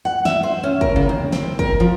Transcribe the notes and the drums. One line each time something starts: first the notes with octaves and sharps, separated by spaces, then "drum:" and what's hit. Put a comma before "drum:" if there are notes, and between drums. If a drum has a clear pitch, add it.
F#5
E5, drum: snare
C5
C#4
A#4, drum: kick
C#3
D#2
C4, drum: snare
A#4, drum: kick
F3